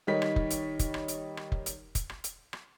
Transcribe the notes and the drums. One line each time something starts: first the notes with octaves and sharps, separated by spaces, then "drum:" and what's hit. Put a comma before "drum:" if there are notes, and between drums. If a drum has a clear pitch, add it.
D#3 G3 D#4 C#5 B6
drum: rim click
drum: kick F1
drum: hi-hat
drum: kick F1, hi-hat
drum: rim click
drum: hi-hat
drum: rim click
drum: kick F1
drum: hi-hat
drum: kick F1, hi-hat
drum: rim click
drum: hi-hat
drum: rim click